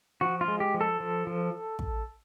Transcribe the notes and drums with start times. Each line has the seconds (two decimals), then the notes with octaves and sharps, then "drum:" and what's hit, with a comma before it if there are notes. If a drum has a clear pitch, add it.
0.21 F3 F#4
0.41 F4
0.48 G#3
0.60 G4
0.74 F3
0.81 A4
1.00 F3
1.27 F3
1.79 drum: kick